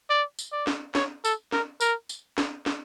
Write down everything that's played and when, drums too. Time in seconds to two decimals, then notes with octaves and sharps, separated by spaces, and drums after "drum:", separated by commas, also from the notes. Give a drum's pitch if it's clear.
0.10 D5
0.39 drum: tambourine
0.52 D5
0.67 drum: snare
0.95 C#5, drum: snare
1.25 A4, drum: tambourine
1.52 A#4, drum: snare
1.81 A#4, drum: tambourine
2.09 drum: tambourine
2.38 drum: snare
2.66 drum: snare